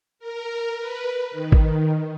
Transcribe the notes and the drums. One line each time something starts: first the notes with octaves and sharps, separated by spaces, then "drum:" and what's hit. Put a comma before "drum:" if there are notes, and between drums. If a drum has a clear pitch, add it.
A#4
B4
D#3
drum: kick